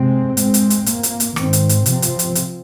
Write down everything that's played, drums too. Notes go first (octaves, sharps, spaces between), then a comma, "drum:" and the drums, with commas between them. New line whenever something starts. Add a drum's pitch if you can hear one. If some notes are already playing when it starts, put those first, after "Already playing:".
Already playing: C3 G#3 C4
A#2 G#3 C4, drum: hi-hat
drum: hi-hat
drum: hi-hat
A#2 A#3, drum: hi-hat
drum: hi-hat
drum: hi-hat
G#2 D#3 C4, drum: rim click
drum: hi-hat
drum: hi-hat
C3 F3 C4, drum: hi-hat
drum: hi-hat
drum: hi-hat
drum: hi-hat